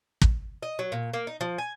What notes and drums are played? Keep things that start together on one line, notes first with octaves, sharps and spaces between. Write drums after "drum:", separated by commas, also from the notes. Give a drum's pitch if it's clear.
drum: kick
D#5
F#3
A#2
A#3
D#4
F3
G#5